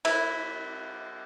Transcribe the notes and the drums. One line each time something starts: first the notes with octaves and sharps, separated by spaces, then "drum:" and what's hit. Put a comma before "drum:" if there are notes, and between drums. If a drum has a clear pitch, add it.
E4, drum: cymbal